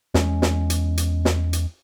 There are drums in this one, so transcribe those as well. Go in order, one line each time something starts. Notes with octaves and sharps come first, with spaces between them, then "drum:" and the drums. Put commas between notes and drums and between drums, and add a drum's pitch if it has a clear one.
E2 G#3 C#4, drum: snare
drum: snare
drum: hi-hat
drum: hi-hat
drum: snare
drum: hi-hat